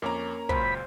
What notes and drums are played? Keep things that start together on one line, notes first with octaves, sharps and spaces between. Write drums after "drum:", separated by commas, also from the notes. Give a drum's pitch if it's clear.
F2 A#3 C#4 A#5 D6
C#2 F#2 A#2 C5 B5, drum: kick